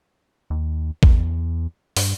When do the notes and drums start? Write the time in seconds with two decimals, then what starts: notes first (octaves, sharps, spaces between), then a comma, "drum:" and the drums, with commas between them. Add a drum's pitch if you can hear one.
0.50 D#2
1.03 E2, drum: kick A1
1.97 G2, drum: open hi-hat